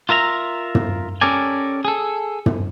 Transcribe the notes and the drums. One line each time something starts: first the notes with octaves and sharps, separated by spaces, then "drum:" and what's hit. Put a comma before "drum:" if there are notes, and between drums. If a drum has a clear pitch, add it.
F4 A#4 E5 A#5
drum: tom
C#4 G4 A4 A#4 D5 G#5
G#4 A4
drum: tom